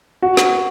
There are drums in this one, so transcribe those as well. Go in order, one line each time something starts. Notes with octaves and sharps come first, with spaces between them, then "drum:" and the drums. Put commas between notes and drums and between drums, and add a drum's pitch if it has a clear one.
F#4
drum: snare